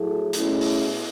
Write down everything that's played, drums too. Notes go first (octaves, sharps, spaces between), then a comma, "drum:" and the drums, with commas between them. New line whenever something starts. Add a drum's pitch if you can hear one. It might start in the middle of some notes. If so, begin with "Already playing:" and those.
Already playing: A2 F#3 A3 E4 G#4
B2 A3 C#4 E4 G#4, drum: hi-hat
drum: open hi-hat